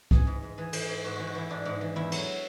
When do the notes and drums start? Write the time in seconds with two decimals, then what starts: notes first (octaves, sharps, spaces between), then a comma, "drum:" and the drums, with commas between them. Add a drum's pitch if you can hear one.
0.11 E3 G#4, drum: kick C2
0.27 G#2
0.42 G#2
0.58 E3 G#4
0.73 E3, drum: cymbal
0.88 G#2
1.04 G#2 F#4
1.16 E3 F#4
1.27 F#4
1.35 E3 E4
1.50 G#2 D4
1.65 G#2
1.81 E3
1.96 E2 E4
2.12 F#3, drum: cymbal